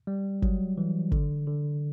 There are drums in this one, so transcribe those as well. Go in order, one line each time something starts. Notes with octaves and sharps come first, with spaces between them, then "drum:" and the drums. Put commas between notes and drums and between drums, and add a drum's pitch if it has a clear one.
G3
F#3, drum: kick G1
E3
D3, drum: kick G1
D3